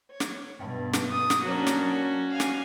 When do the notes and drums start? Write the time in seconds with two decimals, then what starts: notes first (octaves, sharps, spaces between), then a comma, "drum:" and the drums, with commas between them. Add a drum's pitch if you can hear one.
0.11 C#5
0.20 drum: snare
0.60 G2 B2
0.93 drum: snare
1.12 D#6
1.30 drum: snare
1.43 F#3 A#3 C#4 D4 F#4
1.67 drum: snare
2.30 F5 G#5
2.40 drum: snare